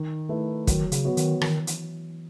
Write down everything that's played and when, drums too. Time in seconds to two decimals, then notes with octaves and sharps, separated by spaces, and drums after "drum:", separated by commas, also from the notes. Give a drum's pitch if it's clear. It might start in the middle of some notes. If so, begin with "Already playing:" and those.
Already playing: D#3
0.29 A3 E4 B4
0.67 D#3 F#3, drum: kick, hi-hat
0.92 C#3, drum: hi-hat
1.05 B3 F#4 C#5
1.17 D#3, drum: hi-hat
1.41 D#3 E3, drum: rim click
1.67 drum: hi-hat